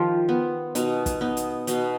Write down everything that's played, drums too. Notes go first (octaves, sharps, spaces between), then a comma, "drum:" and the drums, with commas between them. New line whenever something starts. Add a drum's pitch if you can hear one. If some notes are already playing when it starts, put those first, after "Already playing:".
Already playing: D#3 F3 F4 G4
B3
B2 D#4, drum: hi-hat
drum: kick, hi-hat
B3 D#4
drum: hi-hat
B2 D#4, drum: hi-hat